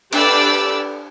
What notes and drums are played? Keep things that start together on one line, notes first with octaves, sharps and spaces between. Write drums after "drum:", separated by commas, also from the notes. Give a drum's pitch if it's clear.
D4 G4 A4 B4 D5 E6, drum: cymbal